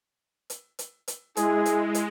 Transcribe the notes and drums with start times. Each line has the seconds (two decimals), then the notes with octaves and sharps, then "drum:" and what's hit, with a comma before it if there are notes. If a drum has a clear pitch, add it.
0.50 drum: hi-hat
0.79 drum: hi-hat
1.08 drum: hi-hat
1.37 G#3 E4 G#4, drum: hi-hat
1.66 drum: hi-hat
1.94 drum: hi-hat